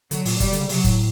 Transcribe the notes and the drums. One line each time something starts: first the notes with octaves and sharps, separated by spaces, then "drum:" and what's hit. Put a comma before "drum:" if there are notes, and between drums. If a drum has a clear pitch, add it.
D3 F#3, drum: hi-hat
A#2, drum: open hi-hat
B2 G3, drum: kick F#1, hi-hat
D3, drum: hi-hat
C#3
C3 F#3, drum: open hi-hat
A2, drum: kick F#1, hi-hat